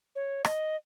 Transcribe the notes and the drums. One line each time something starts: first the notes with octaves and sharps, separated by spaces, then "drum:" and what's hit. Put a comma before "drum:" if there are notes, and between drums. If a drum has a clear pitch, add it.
C#5
D#5, drum: rim click